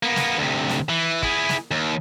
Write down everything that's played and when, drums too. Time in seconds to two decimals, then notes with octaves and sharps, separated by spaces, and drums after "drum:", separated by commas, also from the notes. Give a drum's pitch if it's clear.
0.03 A#3 B3
0.16 drum: snare
0.38 D2 C3
0.69 drum: snare
0.89 E3
1.23 E4 G#4, drum: kick
1.49 drum: snare
1.71 D#2